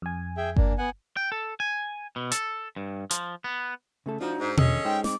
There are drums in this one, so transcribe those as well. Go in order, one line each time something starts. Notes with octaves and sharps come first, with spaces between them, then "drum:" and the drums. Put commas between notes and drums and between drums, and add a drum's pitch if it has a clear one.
F2 G#5
G#4 E5 G5
A#3 D4, drum: kick G1
B3 F#5 G#5
G5
A4
G#5
B2
A4, drum: hi-hat
G2
F3, drum: hi-hat
B3
C#3 A3 A4
F3 D4 D#4 F#4
G#2
E2 D3 C#4 G#4 A4 D#5, drum: tom B2
G#3 D#4 C5 G5
C4 D6, drum: snare